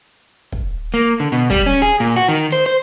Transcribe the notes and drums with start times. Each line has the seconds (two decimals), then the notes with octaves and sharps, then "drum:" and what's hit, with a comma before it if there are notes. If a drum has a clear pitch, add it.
0.52 drum: kick
0.94 A#3
1.20 D3
1.32 B2
1.50 G3, drum: kick
1.66 C#4
1.82 G#4
2.00 A#2
2.16 F#4
2.28 D#3
2.52 C5
2.66 C5